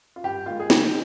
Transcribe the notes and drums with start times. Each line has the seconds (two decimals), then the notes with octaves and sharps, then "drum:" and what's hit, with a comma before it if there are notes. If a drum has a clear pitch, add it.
0.16 F4
0.24 G2 G4
0.46 D#3 G#3 F4
0.60 G#4
0.70 C#2 G4, drum: snare